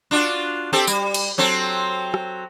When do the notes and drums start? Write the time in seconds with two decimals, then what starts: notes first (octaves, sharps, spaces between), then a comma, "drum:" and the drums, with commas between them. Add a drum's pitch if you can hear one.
0.11 D4 F4 F#4
0.73 C4 G4 A4
0.87 G3, drum: tambourine
1.14 drum: cymbal
1.38 F#3 C4 A4
2.14 drum: rim click